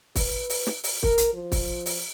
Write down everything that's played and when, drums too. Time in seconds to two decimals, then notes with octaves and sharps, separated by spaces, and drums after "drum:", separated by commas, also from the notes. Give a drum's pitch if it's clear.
0.16 B4, drum: kick, open hi-hat
0.50 drum: open hi-hat
0.67 drum: snare
0.84 drum: open hi-hat
1.03 A#4, drum: kick
1.18 drum: hi-hat
1.34 F3
1.52 drum: kick, open hi-hat
1.86 drum: open hi-hat